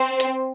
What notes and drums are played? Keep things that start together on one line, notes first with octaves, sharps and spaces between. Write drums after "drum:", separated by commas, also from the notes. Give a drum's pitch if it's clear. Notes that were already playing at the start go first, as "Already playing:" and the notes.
Already playing: C4 C5
drum: hi-hat